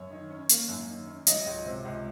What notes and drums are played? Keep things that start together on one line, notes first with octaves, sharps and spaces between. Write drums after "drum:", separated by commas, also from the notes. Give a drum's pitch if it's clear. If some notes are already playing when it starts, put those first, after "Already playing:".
Already playing: F#2 C#5
D#3
C#4
A#3, drum: hi-hat
F#2
D#3
C#4
F#3 D#5, drum: hi-hat
D#5
C#2
C3
C#2